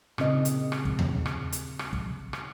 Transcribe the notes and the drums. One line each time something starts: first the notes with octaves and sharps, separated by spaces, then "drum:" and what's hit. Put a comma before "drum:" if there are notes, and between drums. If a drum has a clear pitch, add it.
A#2 C#3 C4 D#5, drum: rim click
drum: hi-hat
drum: rim click
drum: kick
drum: tom D#2
drum: rim click
drum: hi-hat
drum: rim click
drum: kick
drum: rim click